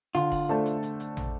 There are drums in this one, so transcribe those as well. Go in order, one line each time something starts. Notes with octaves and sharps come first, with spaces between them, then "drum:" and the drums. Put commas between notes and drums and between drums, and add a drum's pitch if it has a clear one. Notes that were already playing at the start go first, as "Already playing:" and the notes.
D3 F4, drum: hi-hat
drum: kick F1, open hi-hat
A3 D4 A4 C5
drum: hi-hat
drum: hi-hat
drum: hi-hat
drum: tom